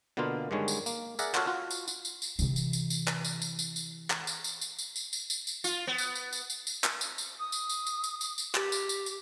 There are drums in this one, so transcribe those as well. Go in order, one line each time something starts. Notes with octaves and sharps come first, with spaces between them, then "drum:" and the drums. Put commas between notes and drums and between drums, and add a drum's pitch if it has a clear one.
B2 D3 A#3 B3 F4
G2 D3 D#3 G#3 C#5
drum: tambourine
A#3, drum: tambourine
G#4 A#4 D5 E5 F#5 A#5, drum: tambourine
F4 F#4 A4 C#5 F5 F#5, drum: clap
F4 F#4
drum: tambourine
drum: tambourine
drum: tambourine
drum: tambourine
C3 E3, drum: tambourine
drum: tambourine
drum: tambourine
drum: tambourine
drum: clap
drum: tambourine
drum: tambourine
drum: tambourine
drum: tambourine
drum: clap
drum: tambourine
drum: tambourine
drum: tambourine
drum: tambourine
drum: tambourine
drum: tambourine
drum: tambourine
drum: tambourine
F4, drum: tambourine
B3
drum: tambourine
drum: tambourine
drum: tambourine
drum: tambourine
drum: tambourine
drum: clap
drum: tambourine
drum: tambourine
D#6
drum: tambourine
drum: tambourine
drum: tambourine
drum: tambourine
drum: tambourine
drum: tambourine
G4, drum: clap
drum: tambourine
drum: tambourine
drum: tambourine